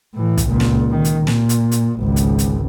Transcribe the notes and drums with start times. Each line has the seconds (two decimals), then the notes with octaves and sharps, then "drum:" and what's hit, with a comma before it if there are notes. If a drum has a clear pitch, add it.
0.14 A2 E3
0.37 drum: kick, hi-hat
0.47 C#2 A#2
0.60 drum: snare
0.91 D#3
1.04 drum: hi-hat
1.27 A#2, drum: snare
1.49 drum: hi-hat
1.72 drum: hi-hat
2.00 G#1 C#2
2.16 drum: hi-hat
2.39 drum: hi-hat